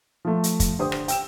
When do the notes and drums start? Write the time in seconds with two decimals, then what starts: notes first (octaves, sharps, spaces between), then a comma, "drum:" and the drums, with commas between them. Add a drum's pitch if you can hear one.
0.25 F3 A3
0.44 drum: hi-hat
0.60 drum: kick, hi-hat
0.79 D3 G4 C5 D#6
0.92 drum: rim click
1.08 G5 E6 E7, drum: hi-hat